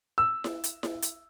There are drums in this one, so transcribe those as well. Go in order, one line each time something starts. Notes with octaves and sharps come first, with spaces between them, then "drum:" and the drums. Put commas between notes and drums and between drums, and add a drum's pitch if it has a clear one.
E6
drum: snare E4
drum: hi-hat
drum: snare E4
drum: hi-hat